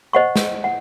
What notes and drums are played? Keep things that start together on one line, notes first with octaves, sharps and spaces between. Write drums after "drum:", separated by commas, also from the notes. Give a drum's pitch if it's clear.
C5 D#5 F#5 C#6
drum: snare
F#5